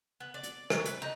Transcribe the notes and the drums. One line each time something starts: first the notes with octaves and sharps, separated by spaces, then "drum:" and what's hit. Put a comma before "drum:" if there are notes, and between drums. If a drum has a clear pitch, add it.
B3
D5
drum: hi-hat
F#3, drum: rim click
B4, drum: hi-hat
D#4